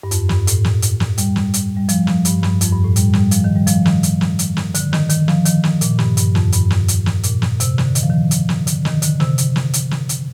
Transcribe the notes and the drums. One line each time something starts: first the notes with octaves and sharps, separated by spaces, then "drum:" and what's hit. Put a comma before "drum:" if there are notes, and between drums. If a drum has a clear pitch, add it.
G2
F2, drum: hi-hat
G2, drum: snare
A2, drum: hi-hat
drum: snare
drum: hi-hat
drum: snare
G3, drum: hi-hat
drum: snare
drum: hi-hat
G3
F3, drum: hi-hat
F3, drum: snare
G2, drum: hi-hat
G2, drum: snare
F2, drum: hi-hat
G2
A2
G3, drum: hi-hat
G3, drum: snare
F3, drum: hi-hat
D#3
G3
F3, drum: hi-hat
D#3, drum: snare
drum: hi-hat
drum: snare
drum: hi-hat
drum: snare
D3, drum: hi-hat
D#3, drum: snare
D#3, drum: hi-hat
F3, drum: snare
D#3, drum: hi-hat
drum: snare
A#2, drum: hi-hat
G2, drum: snare
G2, drum: hi-hat
F2, drum: snare
G2, drum: hi-hat
drum: snare
drum: hi-hat
drum: snare
A#2, drum: hi-hat
drum: snare
C3, drum: hi-hat
D3, drum: snare
D#3, drum: hi-hat
F3
D#3
drum: hi-hat
drum: snare
D3, drum: hi-hat
D#3, drum: snare
D3, drum: hi-hat
C3, drum: snare
drum: hi-hat
drum: snare
drum: hi-hat
drum: snare
drum: hi-hat